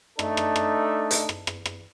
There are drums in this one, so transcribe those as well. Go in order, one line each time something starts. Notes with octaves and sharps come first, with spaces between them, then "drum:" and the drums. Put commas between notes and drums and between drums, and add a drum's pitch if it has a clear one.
A3 D4 D#4 A4, drum: rim click
drum: rim click
drum: rim click
drum: hi-hat
drum: rim click
drum: rim click
drum: rim click